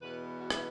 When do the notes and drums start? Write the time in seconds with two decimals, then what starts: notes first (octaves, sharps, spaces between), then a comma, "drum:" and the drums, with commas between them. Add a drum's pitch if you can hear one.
0.01 E2 B2 B3 B4
0.40 F#4
0.50 E4, drum: rim click